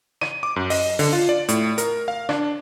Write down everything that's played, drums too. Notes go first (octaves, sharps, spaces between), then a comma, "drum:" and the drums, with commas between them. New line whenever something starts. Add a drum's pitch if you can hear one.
D#7, drum: rim click
D6
F#2
D#5, drum: open hi-hat
D3, drum: open hi-hat
F4
D5
A2, drum: hi-hat
A#4, drum: hi-hat
F5
D4, drum: rim click